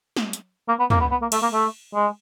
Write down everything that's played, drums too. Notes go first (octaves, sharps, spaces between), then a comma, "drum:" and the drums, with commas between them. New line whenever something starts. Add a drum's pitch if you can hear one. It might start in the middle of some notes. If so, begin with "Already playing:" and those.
drum: snare
drum: hi-hat
A#3
B3
A#3, drum: tom
B3
B3
A#3
A3, drum: cymbal
A#3
A3
G#3